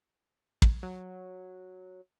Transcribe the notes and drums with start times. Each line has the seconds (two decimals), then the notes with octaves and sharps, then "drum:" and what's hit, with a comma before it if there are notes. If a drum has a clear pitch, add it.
0.62 drum: kick
0.83 F#3